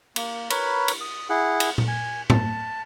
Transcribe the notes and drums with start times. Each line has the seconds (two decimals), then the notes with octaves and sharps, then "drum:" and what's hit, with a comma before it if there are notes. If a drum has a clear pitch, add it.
0.16 A#3, drum: cymbal
0.50 A#4 B4 C#5 B5, drum: cymbal
0.88 drum: cymbal
1.01 D#6
1.29 E4 G#4 F#5
1.60 drum: cymbal
1.78 drum: tom A#2
1.88 G#5
2.30 A5, drum: tom A2